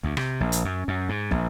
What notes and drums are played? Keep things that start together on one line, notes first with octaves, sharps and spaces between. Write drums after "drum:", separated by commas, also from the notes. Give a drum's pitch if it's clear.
D2, drum: kick
C3, drum: rim click
A#1
drum: hi-hat
F#2
F#2
G#2
A#1, drum: kick